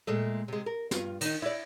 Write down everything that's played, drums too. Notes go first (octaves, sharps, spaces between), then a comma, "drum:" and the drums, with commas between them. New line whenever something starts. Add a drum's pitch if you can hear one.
A#2 G#3 A3
C3 G#3
A#4
G2 F4, drum: snare
D#3 D#4, drum: cymbal
E4 D5